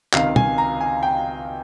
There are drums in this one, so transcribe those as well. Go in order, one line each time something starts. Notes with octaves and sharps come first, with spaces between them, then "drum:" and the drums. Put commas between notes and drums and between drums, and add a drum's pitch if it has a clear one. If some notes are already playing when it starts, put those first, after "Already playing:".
C#2 C3 D#3 F5, drum: clap
G#5, drum: tom
A#5
G#5
G5